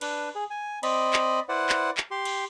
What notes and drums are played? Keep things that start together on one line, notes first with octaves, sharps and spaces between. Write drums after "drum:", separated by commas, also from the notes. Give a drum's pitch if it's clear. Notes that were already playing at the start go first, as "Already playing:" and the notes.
D4 B4, drum: cymbal
G#4
G#5
C4 D5 D#5 B5, drum: cymbal
drum: clap
E4 B4 C5 D5 F#5
drum: clap
drum: clap
G4 C6
drum: cymbal